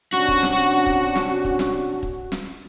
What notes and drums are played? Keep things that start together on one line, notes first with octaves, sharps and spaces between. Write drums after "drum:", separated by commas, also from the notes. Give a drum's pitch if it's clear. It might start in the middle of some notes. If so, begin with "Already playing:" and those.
C3 C#4 D4 F#4
drum: kick
drum: snare
drum: kick
drum: snare
drum: kick
drum: snare
drum: kick
drum: snare